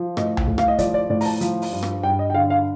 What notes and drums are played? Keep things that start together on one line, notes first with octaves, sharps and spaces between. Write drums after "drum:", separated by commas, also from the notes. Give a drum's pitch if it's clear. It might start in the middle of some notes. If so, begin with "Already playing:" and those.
Already playing: F3
A2 D#5, drum: rim click
drum: tom C#2
A2
F5, drum: rim click
D#5
F3 D5, drum: kick, hi-hat
D5
A2 D5
A#5, drum: open hi-hat
A5
F3, drum: hi-hat
drum: open hi-hat
G2
drum: rim click
G2 G5
D#5
G5
D3 F5
F5